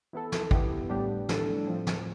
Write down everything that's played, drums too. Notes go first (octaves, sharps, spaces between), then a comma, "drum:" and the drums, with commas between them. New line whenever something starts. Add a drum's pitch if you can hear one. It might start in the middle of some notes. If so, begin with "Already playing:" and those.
E3 B3 E4 A4
drum: snare
B3 E4 G4, drum: kick
A2 G3 B3 D4 G4
A2 G3 D4 A4, drum: snare
A2 F3 C4
drum: snare